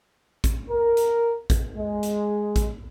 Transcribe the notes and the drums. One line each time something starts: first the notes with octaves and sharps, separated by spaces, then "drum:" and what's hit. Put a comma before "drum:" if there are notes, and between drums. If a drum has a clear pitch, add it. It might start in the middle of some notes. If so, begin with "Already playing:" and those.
drum: kick A1, hi-hat
A#4
drum: hi-hat
drum: kick A1, hi-hat
G#3
drum: hi-hat
drum: kick A1, hi-hat